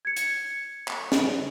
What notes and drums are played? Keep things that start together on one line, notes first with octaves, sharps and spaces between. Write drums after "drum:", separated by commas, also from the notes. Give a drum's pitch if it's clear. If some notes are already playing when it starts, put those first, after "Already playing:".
G#6 C#7
drum: hi-hat
drum: clap
drum: snare